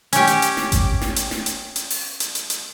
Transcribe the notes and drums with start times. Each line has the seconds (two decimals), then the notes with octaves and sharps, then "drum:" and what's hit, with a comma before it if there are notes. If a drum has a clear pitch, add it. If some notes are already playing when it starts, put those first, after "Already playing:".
0.13 C#4 G4, drum: hi-hat
0.27 drum: hi-hat
0.42 drum: hi-hat
0.57 drum: snare
0.72 drum: kick G#1, hi-hat
1.02 drum: snare
1.16 drum: hi-hat
1.31 drum: snare
1.46 drum: hi-hat
1.76 drum: hi-hat
1.90 drum: open hi-hat
2.20 drum: hi-hat
2.35 drum: hi-hat
2.50 drum: hi-hat